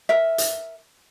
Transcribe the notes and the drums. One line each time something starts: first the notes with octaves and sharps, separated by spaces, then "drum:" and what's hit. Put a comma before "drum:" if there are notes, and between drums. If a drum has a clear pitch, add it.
A#4 E5
drum: hi-hat